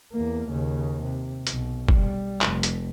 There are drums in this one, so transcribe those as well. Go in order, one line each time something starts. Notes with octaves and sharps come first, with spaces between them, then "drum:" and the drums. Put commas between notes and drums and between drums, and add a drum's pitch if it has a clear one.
E2 A#3
D#2 C#3
C3
B1 B2, drum: hi-hat
G3, drum: kick
F1, drum: clap
drum: hi-hat